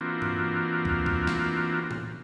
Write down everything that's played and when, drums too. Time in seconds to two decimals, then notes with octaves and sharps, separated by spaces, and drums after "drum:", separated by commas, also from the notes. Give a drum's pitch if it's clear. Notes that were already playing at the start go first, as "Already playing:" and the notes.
0.01 E3 A#3 C4 D4 F4 F#4
0.22 drum: tom G2
0.85 drum: kick
1.06 drum: kick
1.27 drum: snare
1.91 drum: tom A2